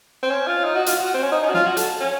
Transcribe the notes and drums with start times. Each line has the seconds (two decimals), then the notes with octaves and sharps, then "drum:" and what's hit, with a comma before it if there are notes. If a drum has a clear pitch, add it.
0.23 C4
0.30 C#4
0.47 F4
0.64 D#4
0.75 F#4
0.86 F4, drum: hi-hat
0.98 F#4
1.14 C4
1.22 C#4
1.31 D#4
1.43 C#4
1.49 F#4
1.54 F4, drum: snare
1.66 F#4
1.77 A4, drum: hi-hat
2.00 C#4